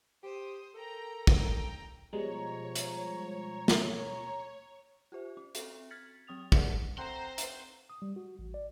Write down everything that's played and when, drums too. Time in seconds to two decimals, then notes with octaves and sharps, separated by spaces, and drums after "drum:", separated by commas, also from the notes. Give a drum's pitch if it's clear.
0.23 G4 C5 D#6
0.75 A4 A#4 G5 A#5
1.27 G5 A#5, drum: kick
2.13 B2 F3 G3 G#3 C#5 A#5
2.75 drum: hi-hat
3.68 drum: snare
5.12 F4 G4 C5 E5
5.37 C#4
5.55 C4 F#4 A4 E5, drum: hi-hat
5.90 F6 G#6 A6 B6 C#7 F#7
6.27 F#3 C4 G5 D#6 A6 F7
6.52 G4 G#4 A#4 D5 E5 F#5, drum: kick
6.98 A3 C4 C5 F#5 G5 A#5 C6
7.38 drum: hi-hat
7.90 D#6
8.02 G3
8.16 F#4
8.39 A1
8.54 D5